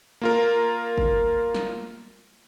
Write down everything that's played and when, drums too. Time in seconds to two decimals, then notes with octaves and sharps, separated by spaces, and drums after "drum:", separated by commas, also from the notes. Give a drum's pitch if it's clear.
0.21 A#3 F4 A#4
0.98 drum: kick G1
1.55 drum: snare